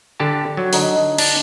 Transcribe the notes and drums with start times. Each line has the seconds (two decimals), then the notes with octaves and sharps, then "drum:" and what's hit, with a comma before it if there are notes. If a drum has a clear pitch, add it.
0.20 D3 G4 A5
0.57 F#3
0.73 D3 D#4, drum: open hi-hat
1.18 D4, drum: cymbal